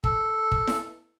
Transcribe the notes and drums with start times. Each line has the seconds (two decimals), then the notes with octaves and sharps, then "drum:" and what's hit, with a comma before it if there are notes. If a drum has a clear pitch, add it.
0.04 A4, drum: kick
0.52 drum: kick
0.68 drum: snare E4